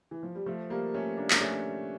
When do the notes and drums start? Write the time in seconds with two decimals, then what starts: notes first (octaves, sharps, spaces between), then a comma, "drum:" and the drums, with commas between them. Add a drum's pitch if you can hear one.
0.11 E3
0.23 F3
0.35 G3
0.46 F3 A3
0.70 G3 A#3
0.94 A3 C#4
1.17 A#3 D4
1.30 D4, drum: clap
1.41 A3 C#4